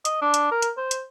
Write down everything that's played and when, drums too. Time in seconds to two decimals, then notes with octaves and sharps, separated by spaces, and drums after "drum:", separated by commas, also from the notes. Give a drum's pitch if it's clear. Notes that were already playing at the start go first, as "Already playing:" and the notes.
0.05 D#5, drum: hi-hat
0.22 D4
0.34 drum: hi-hat
0.51 A#4
0.62 drum: hi-hat
0.77 C5
0.91 drum: hi-hat